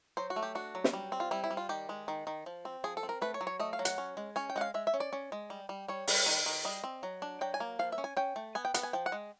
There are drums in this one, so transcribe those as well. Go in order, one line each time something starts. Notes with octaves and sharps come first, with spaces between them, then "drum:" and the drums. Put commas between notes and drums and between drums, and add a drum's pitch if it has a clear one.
F#3 C5
F#4
A3
G4
D4 F#4
F#3
drum: snare
G3
C4
F4
G3 E4
E4
G3
F4
D#3 G4
G#3
D#3
D#3
F3
C4
F3 G#4
A4
C4
A#4
A3 B4
C#5
F#3
C#5
A3 D#5
F5
F#3
F#5, drum: hi-hat
C#4
G#3
C#4 G#5
G5
G#3 F#5
F5
G#3 E5
E5
C#4
D5
C#4
G#3
G3
G3
G3 C#5
G3, drum: open hi-hat
D#3
D#3
G3 D#5
C4
F#3
D4
F#3 G5
G#5
A#3
F3 F5
E5
C#4
G#5
C#4 G5
A3
B3 G#5
G5
B3 F#5, drum: hi-hat
G#5
F3 G5
F#5
G#3